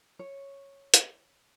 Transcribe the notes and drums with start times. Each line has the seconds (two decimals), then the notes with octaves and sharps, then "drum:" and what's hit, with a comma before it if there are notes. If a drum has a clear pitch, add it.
0.19 C#5
0.94 drum: hi-hat